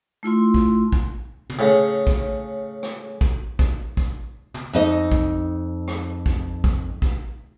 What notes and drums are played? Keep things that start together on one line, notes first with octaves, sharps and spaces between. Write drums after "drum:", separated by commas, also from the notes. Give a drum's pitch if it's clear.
A3 E4 F4 C6
drum: kick
drum: kick
drum: tom
A2 C#3
drum: kick
drum: rim click
drum: kick
drum: kick
drum: kick
drum: tom
F2 D#4 D#5
drum: kick
drum: rim click
drum: kick
drum: kick
drum: kick